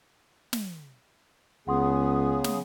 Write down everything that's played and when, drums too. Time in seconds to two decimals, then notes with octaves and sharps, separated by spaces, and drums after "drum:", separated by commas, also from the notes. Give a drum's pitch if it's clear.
0.53 drum: snare
1.68 C#2 C#3 B3 G#4 F#5 C6 D#6
2.44 drum: snare